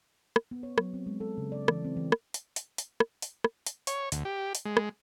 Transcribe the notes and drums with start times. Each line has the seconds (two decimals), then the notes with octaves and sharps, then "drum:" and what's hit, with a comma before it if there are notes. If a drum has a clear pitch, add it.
0.36 drum: rim click
0.51 B3
0.63 C#5
0.78 F#3, drum: rim click
0.94 C4
1.07 G#3
1.20 A4
1.38 C#3
1.52 D5
1.68 E3, drum: rim click
1.84 C4
1.97 E3
2.12 drum: rim click
2.34 drum: hi-hat
2.56 drum: hi-hat
2.78 drum: hi-hat
3.00 drum: rim click
3.22 drum: hi-hat
3.44 drum: rim click
3.66 drum: hi-hat
3.87 C#5, drum: hi-hat
4.12 D2, drum: hi-hat
4.25 G4
4.55 drum: hi-hat
4.65 G#3
4.77 drum: rim click